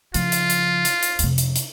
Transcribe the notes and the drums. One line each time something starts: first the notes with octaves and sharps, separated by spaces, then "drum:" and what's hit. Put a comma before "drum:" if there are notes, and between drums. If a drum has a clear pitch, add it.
C#3 F3 F4, drum: hi-hat
drum: hi-hat
drum: hi-hat
drum: hi-hat
drum: hi-hat
F2 C3, drum: hi-hat
drum: hi-hat
drum: hi-hat